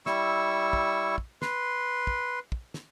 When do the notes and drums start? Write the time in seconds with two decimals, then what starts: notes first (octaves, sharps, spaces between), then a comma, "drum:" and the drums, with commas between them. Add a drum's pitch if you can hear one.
0.06 G3 E4 C#6 E6, drum: snare
0.73 drum: kick
1.18 drum: kick
1.42 B4 C6, drum: snare
2.07 drum: kick
2.52 drum: kick
2.74 drum: snare